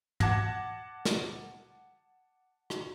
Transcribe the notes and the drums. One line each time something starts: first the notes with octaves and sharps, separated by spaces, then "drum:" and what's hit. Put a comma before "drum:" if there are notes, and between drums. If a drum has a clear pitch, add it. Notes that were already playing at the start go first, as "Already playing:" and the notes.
F#5 A5 D6 G#6 A#6, drum: tom
drum: snare
drum: rim click